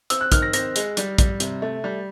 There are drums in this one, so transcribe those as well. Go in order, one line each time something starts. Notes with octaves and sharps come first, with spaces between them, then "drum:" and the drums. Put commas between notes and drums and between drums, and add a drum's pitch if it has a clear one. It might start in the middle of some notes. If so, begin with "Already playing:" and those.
C4 E6, drum: hi-hat
F#6
D#3 F6, drum: kick A#1, hi-hat
A#6
C4 A#6, drum: hi-hat
G#3, drum: hi-hat
G3, drum: hi-hat
G3, drum: kick A#1, hi-hat
C3, drum: hi-hat
A3
G3